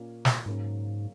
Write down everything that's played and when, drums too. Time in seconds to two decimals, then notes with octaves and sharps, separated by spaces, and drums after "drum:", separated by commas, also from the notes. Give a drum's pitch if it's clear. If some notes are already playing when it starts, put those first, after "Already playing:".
Already playing: A#2 A#3 C#4
0.25 drum: snare
0.46 G#2 C#3 F#3 A#3 C#4